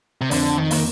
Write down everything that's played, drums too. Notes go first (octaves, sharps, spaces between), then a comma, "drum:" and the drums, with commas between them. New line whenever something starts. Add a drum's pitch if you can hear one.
C3
F2 D3, drum: open hi-hat
D#3
A#3, drum: open hi-hat